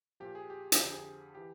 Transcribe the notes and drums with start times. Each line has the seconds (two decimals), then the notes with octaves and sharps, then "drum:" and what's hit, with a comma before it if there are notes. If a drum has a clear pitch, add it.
0.20 A#2 F3 G4
0.35 G#4
0.50 G4
0.72 G#4, drum: hi-hat
0.77 F2 D3 F3 G4
0.90 G#4
1.35 E3 G4